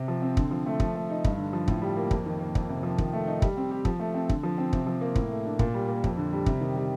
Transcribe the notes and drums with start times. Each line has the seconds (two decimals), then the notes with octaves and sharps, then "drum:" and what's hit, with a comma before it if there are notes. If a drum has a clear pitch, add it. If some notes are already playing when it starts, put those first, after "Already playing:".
Already playing: C3
0.08 F3
0.22 C4
0.37 D3, drum: kick
0.51 F3
0.66 A3
0.80 F3, drum: kick
0.95 A3
1.10 D#4
1.24 G2, drum: kick
1.38 D3
1.53 F3
1.68 A2, drum: kick
1.82 G3
1.97 A#3
2.11 F2, drum: kick
2.26 D#3
2.40 A#3
2.55 F2, drum: kick
2.69 C3
2.83 F3
2.98 D#3, drum: kick
3.13 A3
3.27 D#4
3.42 G3, drum: kick
3.57 C4
3.71 G4
3.85 F3, drum: kick
4.00 A3
4.14 C4
4.29 D3, drum: kick
4.43 F3
4.58 C4
4.73 C3, drum: kick
4.87 F3
5.01 A#3
5.16 A2, drum: kick
5.30 A3
5.45 D4
5.59 A#2, drum: kick
5.74 G3
5.88 A#3
6.04 F2, drum: kick
6.18 D3
6.33 G3
6.46 C3, drum: kick
6.61 D#3
6.76 G3